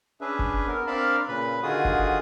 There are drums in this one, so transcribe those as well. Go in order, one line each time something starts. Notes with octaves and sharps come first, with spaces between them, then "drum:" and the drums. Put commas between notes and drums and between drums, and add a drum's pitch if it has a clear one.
C#4 D4 G#4 B4 E5
drum: kick
B3 A#4
C4 D4 A#4 F5 A5 B5
A#2 C#3 B4 B5
D3 D#3 F4 F#4 G#4 D#6
drum: kick